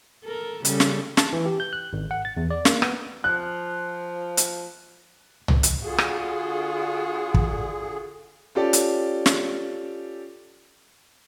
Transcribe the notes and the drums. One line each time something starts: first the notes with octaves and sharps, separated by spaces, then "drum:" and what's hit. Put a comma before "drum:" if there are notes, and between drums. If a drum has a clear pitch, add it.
A4 A#4
C#3 G3 A4, drum: hi-hat
drum: snare
A5, drum: snare
E3
G4
G6
F#6
G#1
F#5
A6
E2
D5
A#3, drum: snare
B3, drum: rim click
F3 F#6
drum: hi-hat
drum: tom C2
drum: hi-hat
D3 F4 F#4 G#4
drum: rim click
drum: kick
C#4 F4 G4 A4 D5
drum: hi-hat
drum: snare